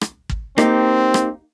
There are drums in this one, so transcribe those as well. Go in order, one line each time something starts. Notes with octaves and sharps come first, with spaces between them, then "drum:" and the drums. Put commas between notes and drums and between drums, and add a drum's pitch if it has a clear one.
drum: rim click
drum: kick
A#3 C4 D#4 G4, drum: rim click
drum: rim click